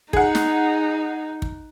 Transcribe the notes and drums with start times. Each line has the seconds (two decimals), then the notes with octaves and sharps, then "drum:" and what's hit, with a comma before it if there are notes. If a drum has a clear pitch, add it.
0.13 D#4 G#4 F#5, drum: kick
0.35 drum: snare
1.42 drum: kick